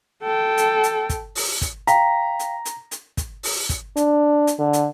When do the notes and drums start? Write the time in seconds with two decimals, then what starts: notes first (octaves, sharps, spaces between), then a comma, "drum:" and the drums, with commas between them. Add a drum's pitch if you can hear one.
0.23 A4 G5
0.57 drum: hi-hat
0.83 drum: hi-hat
1.09 drum: kick, hi-hat
1.35 drum: open hi-hat
1.61 drum: kick, hi-hat
1.87 F5 G5 A#5 B6, drum: hi-hat
2.39 drum: hi-hat
2.65 drum: hi-hat
2.91 drum: hi-hat
3.17 drum: kick, hi-hat
3.43 drum: open hi-hat
3.69 drum: kick, hi-hat
3.97 D4, drum: hi-hat
4.47 drum: hi-hat
4.59 D3
4.73 drum: hi-hat